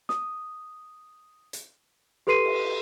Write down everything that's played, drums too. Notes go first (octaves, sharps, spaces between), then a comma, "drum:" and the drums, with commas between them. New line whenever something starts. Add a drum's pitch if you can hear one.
D#6, drum: snare
drum: hi-hat
G4 A4 B4 C6 C7 D#7
drum: cymbal